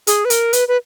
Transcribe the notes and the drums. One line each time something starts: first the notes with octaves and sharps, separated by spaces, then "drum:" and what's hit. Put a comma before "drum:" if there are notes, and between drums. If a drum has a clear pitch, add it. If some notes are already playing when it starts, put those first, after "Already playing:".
G#4, drum: hi-hat
B4
A#4, drum: hi-hat
B4, drum: hi-hat
B4